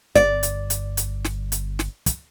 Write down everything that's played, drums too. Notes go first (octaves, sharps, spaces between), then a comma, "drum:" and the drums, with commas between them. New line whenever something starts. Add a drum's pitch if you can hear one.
G1 D5, drum: snare
drum: hi-hat
drum: hi-hat
drum: hi-hat
drum: snare
drum: hi-hat
drum: snare
drum: kick, hi-hat